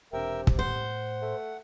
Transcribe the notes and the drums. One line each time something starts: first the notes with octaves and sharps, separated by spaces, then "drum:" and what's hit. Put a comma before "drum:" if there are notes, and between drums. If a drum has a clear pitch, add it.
E1 C3 D4 A#4 E5 G5
drum: kick
A2 C5 F#5
A3